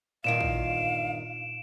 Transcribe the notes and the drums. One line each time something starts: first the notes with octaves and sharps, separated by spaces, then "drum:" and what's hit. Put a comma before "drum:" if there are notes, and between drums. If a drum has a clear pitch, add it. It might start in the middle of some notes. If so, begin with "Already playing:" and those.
E2 G2 A#2 D#3 F5 D7 E7
drum: kick